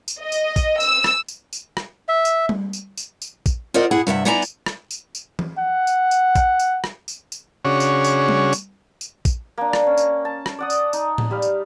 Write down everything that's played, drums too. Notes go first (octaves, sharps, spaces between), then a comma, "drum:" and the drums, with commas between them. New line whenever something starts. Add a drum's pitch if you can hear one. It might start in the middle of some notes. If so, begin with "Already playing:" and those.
drum: tambourine
D#5
drum: tambourine
drum: kick, tambourine
E6, drum: tambourine
drum: rim click
drum: tambourine
drum: tambourine
drum: rim click
E5
drum: tambourine
drum: tom G3
drum: tambourine
drum: tambourine
drum: tambourine
drum: kick, tambourine
F4 A#4 C5 D5 D#5 F#5
G2 E4 G#4 F#5
G2 C3 E5 F#5
B3 D#4 E4 D5 G#5 A#5
drum: tambourine
drum: rim click
drum: tambourine
drum: tambourine
drum: tom E3
F#5
drum: tambourine
drum: tambourine
drum: kick, tambourine
drum: tambourine
drum: rim click
drum: tambourine
drum: tambourine
C#3 C#4 D4 F#4 G#4 C#5
drum: tambourine
drum: tambourine
drum: tom G3
drum: tambourine
drum: tambourine
drum: kick, tambourine
A#3 D4
drum: rim click
C#4
drum: tambourine
A5
drum: rim click
D5 F#5 D#6
drum: tambourine
D#4, drum: tambourine
drum: tom A2
G3 F5
drum: tambourine